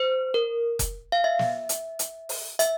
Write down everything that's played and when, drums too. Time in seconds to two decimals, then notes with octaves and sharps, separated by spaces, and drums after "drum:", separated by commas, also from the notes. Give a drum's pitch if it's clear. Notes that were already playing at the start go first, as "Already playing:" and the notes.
Already playing: C5
0.34 A#4
0.79 drum: kick F1, hi-hat
1.12 F5
1.24 E5
1.39 drum: snare
1.69 drum: hi-hat
1.99 drum: hi-hat
2.29 drum: open hi-hat
2.59 E5, drum: hi-hat